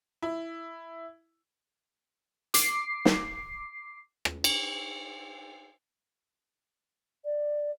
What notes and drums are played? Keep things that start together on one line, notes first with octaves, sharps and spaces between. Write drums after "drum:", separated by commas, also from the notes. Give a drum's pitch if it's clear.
E4
D6 C7, drum: hi-hat
drum: snare
drum: rim click
drum: cymbal
D5